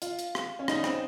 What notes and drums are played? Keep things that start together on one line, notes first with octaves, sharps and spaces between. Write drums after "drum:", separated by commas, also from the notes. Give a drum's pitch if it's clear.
F4, drum: hi-hat
drum: hi-hat
drum: rim click
C#4
D#4, drum: rim click
C4, drum: rim click